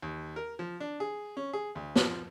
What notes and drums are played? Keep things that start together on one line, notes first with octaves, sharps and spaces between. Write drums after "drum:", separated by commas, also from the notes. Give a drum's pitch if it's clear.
D#2
A#4
F3
D4
G#4
C#4
G#4
D2
F3, drum: snare